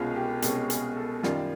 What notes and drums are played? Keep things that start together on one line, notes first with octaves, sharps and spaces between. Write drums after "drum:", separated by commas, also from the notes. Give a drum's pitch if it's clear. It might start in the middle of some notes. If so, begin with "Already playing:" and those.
Already playing: C2 B2 G#3 C#4 F4
G4
C2 B2 G#3 C#4 G4, drum: hi-hat
G#4, drum: hi-hat
A4
F#2 D#3 G3 F4, drum: snare